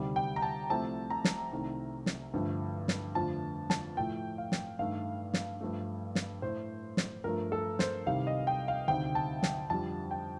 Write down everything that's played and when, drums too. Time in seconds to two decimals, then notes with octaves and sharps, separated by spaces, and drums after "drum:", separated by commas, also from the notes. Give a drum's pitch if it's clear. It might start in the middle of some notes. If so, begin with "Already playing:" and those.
Already playing: D2 C3 D#3 G3
0.16 G5
0.36 A#5
0.42 A5
0.69 C2 C3 F3 A3 A5
1.10 A#5
1.24 drum: snare
1.52 C2 C3 D#3 A3
2.06 drum: snare
2.34 G2 D3 F3 A3
2.88 drum: snare
3.15 F2 D3 F3 A3 A5
3.70 A5, drum: snare
3.97 A2 F3 A3 G5
4.38 F5
4.52 drum: snare
4.79 G2 D#3 A3 F5
5.34 drum: snare
5.61 G2 F3 A3
6.15 drum: snare
6.42 A2 A3 C5
6.97 drum: snare
7.24 G2 F3 A3 A#4
7.52 A4
7.79 C5, drum: snare
8.06 C2 C3 D#3 G3 F5
8.27 D#5
8.47 G5
8.68 F5
8.88 D2 C3 D#3 G5
9.15 A5
9.43 drum: snare
9.70 F2 D3 G3 A5
10.11 G5